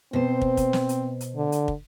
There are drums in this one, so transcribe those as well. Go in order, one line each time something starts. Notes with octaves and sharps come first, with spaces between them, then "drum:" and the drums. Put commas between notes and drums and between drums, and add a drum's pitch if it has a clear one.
B2 C4 C5
drum: kick
drum: kick, hi-hat
drum: snare
drum: hi-hat
drum: hi-hat
D3
drum: hi-hat
drum: kick